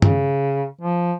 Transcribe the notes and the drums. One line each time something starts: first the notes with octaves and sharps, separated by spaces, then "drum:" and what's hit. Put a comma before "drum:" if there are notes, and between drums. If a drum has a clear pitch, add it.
C#3, drum: tom
F3